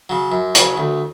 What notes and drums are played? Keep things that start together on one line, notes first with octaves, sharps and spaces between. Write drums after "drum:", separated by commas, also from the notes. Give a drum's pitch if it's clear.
C#3 F#3
F#2
C#3 F#3, drum: hi-hat
D2